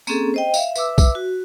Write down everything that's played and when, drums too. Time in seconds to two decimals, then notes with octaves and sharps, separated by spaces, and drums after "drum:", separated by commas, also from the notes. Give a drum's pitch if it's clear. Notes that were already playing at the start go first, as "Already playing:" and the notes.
0.07 A#3 C4 C#4 G#4 A4, drum: tambourine
0.34 C5 D#5 G5
0.54 E5 F5, drum: tambourine
0.76 B4 E5 D6 E6, drum: tambourine
0.98 drum: kick, tambourine
1.15 F#4